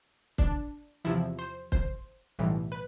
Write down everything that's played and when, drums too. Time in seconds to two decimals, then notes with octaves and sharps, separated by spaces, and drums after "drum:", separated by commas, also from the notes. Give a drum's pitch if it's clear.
0.38 D4, drum: kick
1.05 E2 C3 F3 E4
1.39 C5
1.72 C5, drum: kick
2.39 B1 A2 E3 G3
2.72 B4